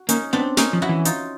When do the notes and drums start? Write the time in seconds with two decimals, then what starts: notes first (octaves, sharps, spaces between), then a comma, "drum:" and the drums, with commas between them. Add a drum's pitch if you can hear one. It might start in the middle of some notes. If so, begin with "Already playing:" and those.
Already playing: F#4
0.09 A#3 C#4 D#4, drum: hi-hat
0.33 B3 C4 D4
0.57 A#3 C#4 D#4, drum: snare
0.73 F3
0.82 E4 F#4
0.89 E3
1.05 D#4 F4, drum: hi-hat